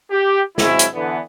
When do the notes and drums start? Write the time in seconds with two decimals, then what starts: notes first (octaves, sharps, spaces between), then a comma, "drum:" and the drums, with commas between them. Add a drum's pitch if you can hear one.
0.11 G4
0.58 F#3 G#3 C4 C#4 E4, drum: snare
0.79 drum: hi-hat
0.95 D3 E3 B3